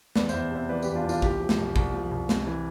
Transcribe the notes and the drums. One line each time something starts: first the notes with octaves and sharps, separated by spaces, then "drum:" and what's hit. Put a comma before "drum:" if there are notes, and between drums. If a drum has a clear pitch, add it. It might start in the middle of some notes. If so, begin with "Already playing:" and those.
E2 B4 D5, drum: snare
C5 E5, drum: tambourine
E2
C3 C5 E5
E3 B4 D5
G4 B4, drum: tambourine
E2
D4 F4
E2
D4 F4, drum: tambourine
C2 E4 G4, drum: kick
F3
drum: snare
C2
C2, drum: kick
F3
C2
C3, drum: snare
E3